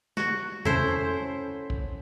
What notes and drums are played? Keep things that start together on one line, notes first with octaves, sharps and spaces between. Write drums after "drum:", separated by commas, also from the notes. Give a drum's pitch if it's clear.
F#4, drum: snare
C#4 E4 A4 C5, drum: tom
drum: kick